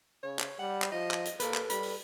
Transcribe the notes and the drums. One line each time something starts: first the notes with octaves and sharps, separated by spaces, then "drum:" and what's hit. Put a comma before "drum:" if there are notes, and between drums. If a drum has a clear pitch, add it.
C#3 C#5
drum: clap
G3 F#5
drum: clap
F3 D#5
drum: clap
drum: hi-hat
A#3 A4 B4 B5, drum: hi-hat
drum: clap
G3 B5, drum: hi-hat
drum: open hi-hat